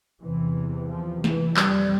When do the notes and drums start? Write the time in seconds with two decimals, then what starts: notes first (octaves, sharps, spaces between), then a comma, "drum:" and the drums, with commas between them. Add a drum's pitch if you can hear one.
0.23 E2 C3 E3
0.90 F3
1.24 E3, drum: snare
1.57 F2 C3 G3, drum: clap